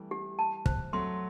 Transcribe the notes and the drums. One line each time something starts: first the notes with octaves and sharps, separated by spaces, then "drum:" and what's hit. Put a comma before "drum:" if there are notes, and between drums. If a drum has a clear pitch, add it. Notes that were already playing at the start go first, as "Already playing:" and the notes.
Already playing: E3 G3 A3
G4
A5
C5, drum: kick
F#3 A3 C6